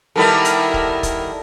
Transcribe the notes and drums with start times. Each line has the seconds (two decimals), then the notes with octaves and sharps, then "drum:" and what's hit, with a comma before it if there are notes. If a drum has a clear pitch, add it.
0.16 D#3 G3 B3 E4 A4 A#4
0.45 drum: hi-hat
0.74 drum: kick
1.03 drum: kick, hi-hat